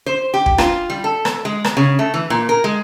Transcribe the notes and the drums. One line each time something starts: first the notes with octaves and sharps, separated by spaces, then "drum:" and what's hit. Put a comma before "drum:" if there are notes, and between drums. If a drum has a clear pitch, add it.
C5
G4
drum: kick
F4, drum: rim click
G3
A4
drum: rim click
G#3
drum: rim click
C#3
A3
E3
A#2
A#4
G#3